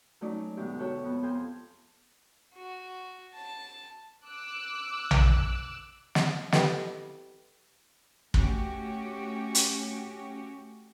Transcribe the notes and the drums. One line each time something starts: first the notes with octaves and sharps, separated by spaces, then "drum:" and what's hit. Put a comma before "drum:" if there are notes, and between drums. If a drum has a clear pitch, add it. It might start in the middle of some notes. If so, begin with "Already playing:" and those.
F#3 A3 C#4 D#4 D5
D2 G#2 B2 D3 G4
F#4 G4 A4 C#5 E5
F2 B3
F2 A4 G#5 C6 G6
F#4
A5
D6 E6 F#6
drum: tom A#1
drum: snare
G4 A4 B4 D#5 G5, drum: snare
A3 C#4 F#4 G4, drum: kick
drum: hi-hat